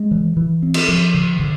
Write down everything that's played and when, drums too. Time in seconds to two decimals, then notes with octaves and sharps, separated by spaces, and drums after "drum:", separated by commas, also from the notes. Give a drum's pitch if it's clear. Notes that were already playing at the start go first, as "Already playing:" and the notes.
Already playing: G#3
0.11 E3
0.37 E3
0.63 C4
0.74 drum: cymbal
0.89 F3
1.14 D3
1.40 D3